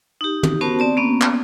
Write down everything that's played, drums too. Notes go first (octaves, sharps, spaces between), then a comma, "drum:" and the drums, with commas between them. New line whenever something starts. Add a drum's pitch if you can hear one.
D#4 G4
drum: tom
B3 C#4 F#4 A#4 C5 A5
C4 D5 A5
A#3 B3 C#4
drum: clap